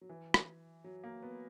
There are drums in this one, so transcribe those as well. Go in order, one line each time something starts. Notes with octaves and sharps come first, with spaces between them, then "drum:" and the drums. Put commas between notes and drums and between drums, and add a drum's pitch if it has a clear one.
F#3
E3
drum: rim click
F#3
A#3
B3